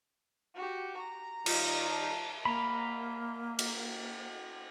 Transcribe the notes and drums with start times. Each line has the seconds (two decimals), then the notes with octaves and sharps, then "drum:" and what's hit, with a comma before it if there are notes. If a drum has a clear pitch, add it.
0.55 F#4 G4
0.97 A#5
1.46 D#3 G3 F4, drum: cymbal
1.91 A5
2.45 A#3 A#5 B5
3.59 drum: cymbal